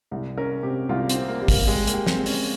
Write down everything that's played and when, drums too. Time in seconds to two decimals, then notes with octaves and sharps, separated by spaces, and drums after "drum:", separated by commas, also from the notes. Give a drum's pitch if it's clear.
0.11 C2
0.37 C#4 A#4
0.63 C3 G4
0.89 C2 F4
1.09 C4, drum: hi-hat
1.16 C3
1.28 A#3
1.42 G3
1.48 A#3, drum: kick, open hi-hat
1.68 G#3 G4
1.87 A#3, drum: hi-hat
1.94 G4
2.07 C4, drum: snare
2.20 G4
2.26 C#4, drum: open hi-hat